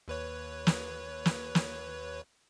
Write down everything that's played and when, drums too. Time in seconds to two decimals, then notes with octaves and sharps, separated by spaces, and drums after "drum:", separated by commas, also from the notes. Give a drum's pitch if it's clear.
0.08 D#2 B4 C#5
0.67 drum: snare
1.25 drum: snare
1.55 drum: snare